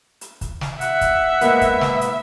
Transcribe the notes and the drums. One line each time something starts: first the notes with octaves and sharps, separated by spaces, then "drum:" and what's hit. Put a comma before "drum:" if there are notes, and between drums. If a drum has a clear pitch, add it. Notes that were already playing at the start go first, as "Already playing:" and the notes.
drum: hi-hat
drum: kick, hi-hat
drum: snare
E5 F#5, drum: hi-hat
drum: kick, hi-hat
G#2 A#3 B3, drum: hi-hat
drum: kick, hi-hat
drum: snare
drum: hi-hat